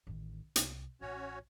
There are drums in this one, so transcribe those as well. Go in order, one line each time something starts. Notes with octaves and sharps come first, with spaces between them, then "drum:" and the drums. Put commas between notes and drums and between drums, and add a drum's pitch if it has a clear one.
A1 D#3
C2, drum: hi-hat
A1 C#4 F#4 C#5